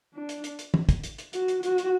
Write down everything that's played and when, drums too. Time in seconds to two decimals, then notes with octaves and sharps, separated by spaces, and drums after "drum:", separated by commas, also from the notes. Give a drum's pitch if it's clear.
0.14 D4
0.29 drum: hi-hat
0.44 drum: hi-hat
0.59 drum: hi-hat
0.74 drum: tom
0.89 drum: kick, hi-hat
1.04 drum: hi-hat
1.18 drum: hi-hat
1.33 F#4, drum: hi-hat
1.48 drum: hi-hat
1.63 F#4, drum: hi-hat
1.78 drum: hi-hat